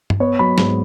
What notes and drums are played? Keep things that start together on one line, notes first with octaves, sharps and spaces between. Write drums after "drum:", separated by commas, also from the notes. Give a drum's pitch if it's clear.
drum: tom G2
B3 C#5
F#3 B5
G#2, drum: snare